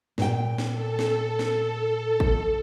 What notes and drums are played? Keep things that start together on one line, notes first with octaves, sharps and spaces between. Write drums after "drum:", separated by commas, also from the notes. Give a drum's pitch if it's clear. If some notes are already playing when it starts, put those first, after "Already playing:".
A#2 G5, drum: snare
drum: snare
A4
drum: snare
drum: snare
drum: kick